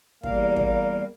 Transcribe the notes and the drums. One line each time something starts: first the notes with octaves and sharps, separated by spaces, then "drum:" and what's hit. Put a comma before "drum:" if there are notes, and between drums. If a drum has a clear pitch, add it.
E2 G3 A#3 A#4 F5, drum: kick
drum: kick